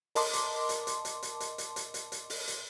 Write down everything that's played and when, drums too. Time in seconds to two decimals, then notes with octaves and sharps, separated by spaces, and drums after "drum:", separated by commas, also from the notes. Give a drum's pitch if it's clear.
0.15 A#4 D#5 A5 C6 D6, drum: open hi-hat
0.33 drum: hi-hat
0.69 drum: hi-hat
0.87 drum: hi-hat
1.05 drum: hi-hat
1.23 drum: hi-hat
1.40 drum: hi-hat
1.58 drum: hi-hat
1.76 drum: hi-hat
1.94 drum: hi-hat
2.12 drum: hi-hat
2.30 drum: open hi-hat
2.48 drum: hi-hat